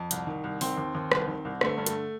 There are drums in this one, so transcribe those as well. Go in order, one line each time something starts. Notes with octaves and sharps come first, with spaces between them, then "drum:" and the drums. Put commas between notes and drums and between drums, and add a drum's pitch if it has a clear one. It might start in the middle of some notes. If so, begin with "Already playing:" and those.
Already playing: F2
C2, drum: hi-hat
D#3
C2
D#3 C4, drum: open hi-hat
D#2
D#2
C2, drum: rim click
D#3
C2
D3 A3, drum: rim click
G2
A3, drum: hi-hat